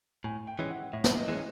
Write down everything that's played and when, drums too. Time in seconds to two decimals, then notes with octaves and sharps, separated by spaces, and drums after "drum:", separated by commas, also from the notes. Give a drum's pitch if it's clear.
0.24 A2 G#5
0.47 G5
0.59 E3 G#3 C#4
0.70 F#5
0.93 A2 E5
1.04 drum: snare
1.16 D#5
1.28 E3 G#3 C#4